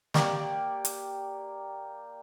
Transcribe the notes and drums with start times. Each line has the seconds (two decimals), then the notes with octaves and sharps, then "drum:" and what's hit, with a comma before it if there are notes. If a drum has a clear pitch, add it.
0.14 A#3 G4 D5 C#6, drum: snare
0.85 drum: hi-hat